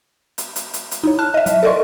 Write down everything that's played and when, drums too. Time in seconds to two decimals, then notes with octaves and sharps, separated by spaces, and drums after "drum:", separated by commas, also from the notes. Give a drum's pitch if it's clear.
0.38 drum: hi-hat
0.56 drum: hi-hat
0.74 drum: hi-hat
0.91 drum: hi-hat
1.04 D#4 E4 C#5
1.19 A5 F6 F#6
1.34 D#5 E5
1.46 F#3, drum: hi-hat
1.63 A4 A#4 D5 D#5 C6 C#6